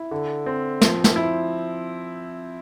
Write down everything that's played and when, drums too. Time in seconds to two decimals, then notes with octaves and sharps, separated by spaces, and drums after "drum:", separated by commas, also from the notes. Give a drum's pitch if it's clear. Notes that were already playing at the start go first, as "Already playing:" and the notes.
Already playing: E4
0.11 D3
0.46 C4
0.81 F3, drum: snare
1.04 drum: snare
1.16 E4